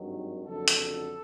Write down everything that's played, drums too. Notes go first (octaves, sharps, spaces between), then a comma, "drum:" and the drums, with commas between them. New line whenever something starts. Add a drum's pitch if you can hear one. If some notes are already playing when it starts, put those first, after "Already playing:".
Already playing: G#1 G2 D#3 F#3
F#1 F2 D3 F#3 A4
drum: hi-hat